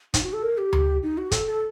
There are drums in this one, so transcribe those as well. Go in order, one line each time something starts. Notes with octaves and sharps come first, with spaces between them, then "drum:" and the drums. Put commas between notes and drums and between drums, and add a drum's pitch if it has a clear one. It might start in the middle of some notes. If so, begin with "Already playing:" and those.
D#4, drum: kick, hi-hat
F#4
A4
A#4
G4
drum: tom D2
D#4
F#4
A4, drum: kick, hi-hat
A4